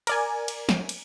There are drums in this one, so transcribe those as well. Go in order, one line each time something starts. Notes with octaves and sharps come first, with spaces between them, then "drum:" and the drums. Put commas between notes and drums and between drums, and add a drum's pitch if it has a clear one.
A#4 D5 G#5, drum: cymbal
drum: cymbal
drum: snare
drum: cymbal